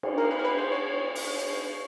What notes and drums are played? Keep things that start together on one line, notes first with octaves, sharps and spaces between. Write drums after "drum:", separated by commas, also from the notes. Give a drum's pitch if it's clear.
drum: cymbal
A#4
B4
A#4
B4
C5
C#5
drum: open hi-hat